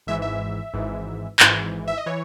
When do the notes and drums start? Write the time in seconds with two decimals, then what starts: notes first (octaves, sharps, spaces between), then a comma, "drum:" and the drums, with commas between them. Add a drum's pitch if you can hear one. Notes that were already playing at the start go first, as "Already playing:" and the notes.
0.07 G#1 G#2 E3 E5
0.22 E5
0.73 G#1 G#2 E3
1.40 G#1 G#2 E3, drum: clap
1.88 E5
1.98 D#5
2.06 E3 C#5